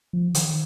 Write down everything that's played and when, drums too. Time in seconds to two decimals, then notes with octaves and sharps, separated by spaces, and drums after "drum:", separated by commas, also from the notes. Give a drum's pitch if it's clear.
0.13 F3
0.35 D#3, drum: hi-hat